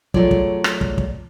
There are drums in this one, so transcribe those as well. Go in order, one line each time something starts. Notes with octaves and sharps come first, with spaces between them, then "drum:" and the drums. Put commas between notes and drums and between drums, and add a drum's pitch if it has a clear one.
F#3 A3 F4 G#4 C#5 D5, drum: kick
drum: kick
drum: rim click
drum: kick
drum: kick